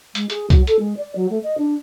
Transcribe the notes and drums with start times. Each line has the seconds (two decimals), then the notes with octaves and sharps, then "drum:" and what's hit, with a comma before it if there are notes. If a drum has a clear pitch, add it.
0.15 G#3, drum: hi-hat
0.30 G#4, drum: hi-hat
0.50 F#3, drum: kick, hi-hat
0.67 A4, drum: hi-hat
0.79 G#3
0.97 D5
1.16 F#3
1.30 A3
1.44 D#5
1.58 D4